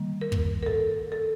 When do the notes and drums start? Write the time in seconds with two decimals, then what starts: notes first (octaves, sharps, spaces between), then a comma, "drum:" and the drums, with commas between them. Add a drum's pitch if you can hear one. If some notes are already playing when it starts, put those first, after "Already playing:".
Already playing: D#3 G3 A#3
0.21 A#4
0.32 drum: kick
0.63 A#4
0.66 A4
1.12 A4